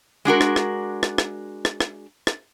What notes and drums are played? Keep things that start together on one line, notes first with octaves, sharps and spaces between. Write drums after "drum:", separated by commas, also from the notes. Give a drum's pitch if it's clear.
G#3 D4 F#4 A#4
drum: rim click
drum: rim click
drum: rim click
drum: rim click
drum: rim click
drum: rim click
drum: rim click